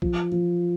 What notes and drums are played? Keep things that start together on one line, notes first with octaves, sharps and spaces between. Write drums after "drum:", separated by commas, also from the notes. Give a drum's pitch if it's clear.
F3, drum: kick A#1
F3